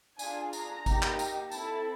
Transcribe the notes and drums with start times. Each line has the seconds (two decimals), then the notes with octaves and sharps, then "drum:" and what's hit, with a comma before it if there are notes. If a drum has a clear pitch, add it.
0.19 D4 F4 G#4 G#5, drum: tambourine
0.53 A#5, drum: tambourine
0.86 A#3 D#4 G4, drum: kick G#1, tambourine
1.02 drum: clap
1.19 drum: tambourine
1.52 C4 E4 A4 A5, drum: tambourine